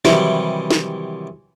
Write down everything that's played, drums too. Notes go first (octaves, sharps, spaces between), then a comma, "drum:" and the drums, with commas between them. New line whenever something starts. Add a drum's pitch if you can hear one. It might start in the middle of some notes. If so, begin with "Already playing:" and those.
C3 D#3 E3 F#3 G3 E4, drum: snare
drum: snare